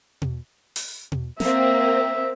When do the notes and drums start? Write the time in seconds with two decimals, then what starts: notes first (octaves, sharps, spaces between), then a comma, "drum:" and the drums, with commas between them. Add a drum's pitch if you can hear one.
0.22 drum: tom B2
0.76 drum: open hi-hat
1.12 drum: tom B2
1.40 A#3 C4 E5, drum: snare